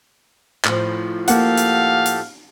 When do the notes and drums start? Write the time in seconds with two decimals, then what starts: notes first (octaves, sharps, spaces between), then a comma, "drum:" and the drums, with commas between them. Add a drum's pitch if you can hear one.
0.65 A2 F3, drum: clap
1.28 A#3 G4 A4 F5 F#5, drum: hi-hat
1.58 drum: hi-hat
2.06 drum: hi-hat